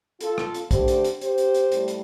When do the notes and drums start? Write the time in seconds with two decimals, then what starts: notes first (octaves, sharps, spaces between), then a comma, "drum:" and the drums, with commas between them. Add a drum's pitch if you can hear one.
0.21 F4 A4, drum: hi-hat
0.38 drum: rim click
0.54 drum: hi-hat
0.71 D3 A3 D4 G4 C5, drum: kick, hi-hat
0.88 drum: hi-hat
1.04 drum: hi-hat
1.21 G4 C5, drum: hi-hat
1.38 drum: hi-hat
1.54 drum: hi-hat
1.72 A2 G3, drum: hi-hat
1.88 drum: hi-hat